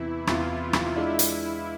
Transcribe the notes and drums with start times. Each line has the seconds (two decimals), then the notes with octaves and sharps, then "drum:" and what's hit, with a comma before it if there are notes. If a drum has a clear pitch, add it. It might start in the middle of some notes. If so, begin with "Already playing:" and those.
Already playing: E2 C3 E3 E4
0.27 E2 C3 E3 F4, drum: rim click
0.73 drum: rim click
0.96 G#3 D4 E4 F4
1.19 drum: hi-hat